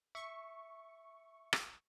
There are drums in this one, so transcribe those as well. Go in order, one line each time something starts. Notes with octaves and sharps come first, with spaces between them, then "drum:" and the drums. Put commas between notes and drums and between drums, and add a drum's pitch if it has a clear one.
E5 C#6
drum: rim click